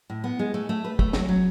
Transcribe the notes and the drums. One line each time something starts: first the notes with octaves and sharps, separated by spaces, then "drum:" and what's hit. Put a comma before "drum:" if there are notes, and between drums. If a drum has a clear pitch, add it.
A2
B3
G#3
A3
A3
B4
A3, drum: kick
F#3, drum: snare
F#3